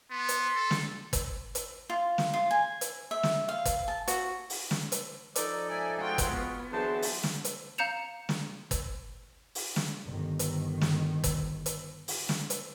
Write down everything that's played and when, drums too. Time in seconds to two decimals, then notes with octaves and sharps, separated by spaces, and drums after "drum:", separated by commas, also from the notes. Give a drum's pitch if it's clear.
0.11 B3 C6
0.29 drum: hi-hat
0.55 A4
0.71 drum: snare
1.13 drum: kick, hi-hat
1.55 drum: hi-hat
1.90 F4
2.18 drum: snare
2.33 F4
2.51 G#5
2.81 drum: hi-hat
3.11 E5
3.23 drum: snare
3.49 F5
3.65 drum: kick, hi-hat
3.88 A5
4.08 F#4, drum: hi-hat
4.50 drum: open hi-hat
4.71 drum: snare
4.92 drum: hi-hat
5.36 F3 D#4 A4 D5, drum: hi-hat
5.69 D5 E5 G#5
6.00 G#3 F4 F#4 G5
6.18 drum: kick, hi-hat
6.32 B3
6.72 D3 E3 F#3 G#4 C5 F#5 A5
7.02 drum: open hi-hat
7.23 drum: snare
7.45 drum: hi-hat
7.78 F5 A#5 G6 C#7 E7 F7
8.29 drum: snare
8.71 drum: kick, hi-hat
9.55 drum: open hi-hat
9.76 drum: snare
10.06 G1 D#3
10.39 drum: hi-hat
10.81 drum: snare
11.24 drum: kick, hi-hat
11.66 drum: hi-hat
12.08 drum: open hi-hat
12.29 drum: snare
12.50 drum: hi-hat